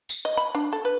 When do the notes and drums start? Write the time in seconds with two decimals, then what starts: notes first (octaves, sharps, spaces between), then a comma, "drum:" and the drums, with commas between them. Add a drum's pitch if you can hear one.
0.09 drum: tambourine
0.25 D#5
0.37 B5
0.55 D4
0.73 A4
0.85 B4